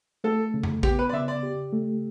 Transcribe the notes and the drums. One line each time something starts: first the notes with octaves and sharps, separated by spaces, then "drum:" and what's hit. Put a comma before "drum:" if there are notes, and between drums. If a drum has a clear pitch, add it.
A3 A4
C#3
drum: tom F2
B3 G4, drum: kick
B4
D5
C#3 E5
D5
G4
A3